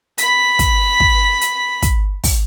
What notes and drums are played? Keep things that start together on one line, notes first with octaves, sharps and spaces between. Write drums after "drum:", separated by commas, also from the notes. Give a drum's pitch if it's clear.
B5 B6, drum: hi-hat
drum: kick, hi-hat
drum: kick
drum: hi-hat
drum: kick, hi-hat
drum: kick, open hi-hat